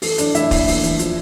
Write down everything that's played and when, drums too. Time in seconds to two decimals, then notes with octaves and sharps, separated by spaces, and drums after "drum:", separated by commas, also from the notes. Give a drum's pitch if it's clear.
0.02 E3 A4, drum: open hi-hat
0.18 E3 D4 D5, drum: hi-hat
0.35 E3 E4 E5, drum: hi-hat
0.51 A#3, drum: kick, open hi-hat
0.68 E2, drum: open hi-hat
0.84 E2, drum: hi-hat
0.99 F3, drum: hi-hat